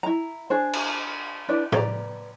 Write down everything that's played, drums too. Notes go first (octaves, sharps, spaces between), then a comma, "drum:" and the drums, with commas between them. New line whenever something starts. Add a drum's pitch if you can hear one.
E4 A#5
D4 G#4 C5
drum: cymbal
D4 E4 B4 D5
B4 D5 A#5, drum: tom A2